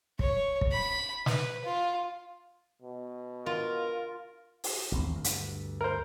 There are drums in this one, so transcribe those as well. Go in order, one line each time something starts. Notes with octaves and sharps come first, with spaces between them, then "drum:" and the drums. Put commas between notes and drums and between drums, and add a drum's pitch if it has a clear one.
C#5, drum: kick
drum: kick
B5
B4, drum: snare
F4
B2
F4 A#4
drum: open hi-hat
A1 D#2 C4
D2 G2
drum: hi-hat
A#4 C5